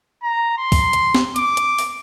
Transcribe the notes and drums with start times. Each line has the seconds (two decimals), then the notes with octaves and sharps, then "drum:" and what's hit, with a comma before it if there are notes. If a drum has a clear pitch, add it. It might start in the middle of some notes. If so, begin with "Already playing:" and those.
0.22 A#5
0.57 C6
0.72 drum: kick, open hi-hat
0.93 drum: hi-hat
1.15 drum: snare
1.36 D6, drum: hi-hat
1.57 drum: hi-hat
1.78 drum: open hi-hat